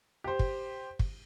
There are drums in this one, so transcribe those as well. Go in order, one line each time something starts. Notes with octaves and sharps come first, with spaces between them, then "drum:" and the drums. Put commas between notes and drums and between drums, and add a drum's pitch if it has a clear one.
G4 C5
drum: kick
drum: kick